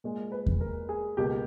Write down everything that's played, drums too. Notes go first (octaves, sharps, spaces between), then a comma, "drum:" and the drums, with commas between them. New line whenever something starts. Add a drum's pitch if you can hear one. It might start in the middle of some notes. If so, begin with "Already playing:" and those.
A#2 G#3
B4
drum: kick E2
A#4
G#4
C#2 B2 A#3 G4